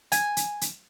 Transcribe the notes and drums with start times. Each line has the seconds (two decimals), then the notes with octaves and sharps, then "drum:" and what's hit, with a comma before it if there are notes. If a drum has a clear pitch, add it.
0.12 G#5, drum: hi-hat
0.37 drum: hi-hat
0.61 drum: hi-hat